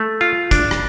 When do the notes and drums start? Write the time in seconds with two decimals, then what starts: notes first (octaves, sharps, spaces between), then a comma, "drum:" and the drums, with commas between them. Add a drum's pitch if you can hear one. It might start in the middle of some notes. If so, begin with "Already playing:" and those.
Already playing: A3
0.21 F4
0.51 D4, drum: kick, hi-hat
0.71 drum: rim click